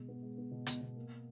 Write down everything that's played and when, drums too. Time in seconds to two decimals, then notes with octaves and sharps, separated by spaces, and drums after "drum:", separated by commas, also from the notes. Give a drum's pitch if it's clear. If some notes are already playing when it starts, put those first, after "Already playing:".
Already playing: B2 G#3
0.08 B3
0.22 G#3
0.38 B3
0.51 B2
0.66 B2, drum: hi-hat
0.81 B2
0.97 A#3